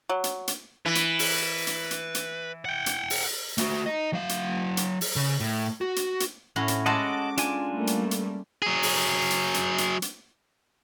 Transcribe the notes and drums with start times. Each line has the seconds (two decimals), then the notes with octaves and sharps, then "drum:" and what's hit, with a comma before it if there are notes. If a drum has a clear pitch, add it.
0.09 F#3
0.24 drum: hi-hat
0.48 drum: hi-hat
0.86 E3 B4
0.95 drum: hi-hat
1.19 drum: open hi-hat
1.67 drum: hi-hat
1.91 drum: hi-hat
2.15 drum: hi-hat
2.65 F#5 G5
2.86 drum: hi-hat
3.10 drum: open hi-hat
3.58 A3 F#4, drum: hi-hat
3.86 D#4 D#5
4.13 F#3 F5
4.29 drum: hi-hat
4.77 drum: hi-hat
5.01 drum: open hi-hat
5.16 C#3
5.41 A2
5.81 F#4
5.96 drum: hi-hat
6.20 drum: hi-hat
6.56 A2 C#4 F#4
6.68 drum: hi-hat
6.86 G#3 F#4 A4 D#5 F#5 A5 D6
7.37 D4 F4 G#5, drum: hi-hat
7.72 G3 A3 A#3
7.87 drum: hi-hat
8.11 drum: hi-hat
8.62 F#3 G#4
8.83 drum: open hi-hat
9.30 drum: hi-hat
9.54 drum: hi-hat
9.78 drum: hi-hat
10.02 drum: hi-hat